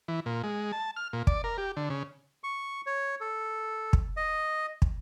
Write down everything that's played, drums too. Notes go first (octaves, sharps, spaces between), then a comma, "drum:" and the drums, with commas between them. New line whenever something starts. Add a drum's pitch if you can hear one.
E3
A#2
G#3
A5
F6
A#2
D5, drum: kick
A#4
G4
D3
C#3
C#6
C#5
A4
drum: kick
D#5
drum: kick